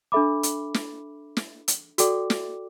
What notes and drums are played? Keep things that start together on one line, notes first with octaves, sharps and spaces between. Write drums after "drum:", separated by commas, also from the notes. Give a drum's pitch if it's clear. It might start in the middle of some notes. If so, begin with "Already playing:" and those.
D4 A4 E5 B5 D6
drum: hi-hat
drum: snare
drum: snare
drum: hi-hat
F#4 A4 D5 G5 D6, drum: hi-hat
drum: snare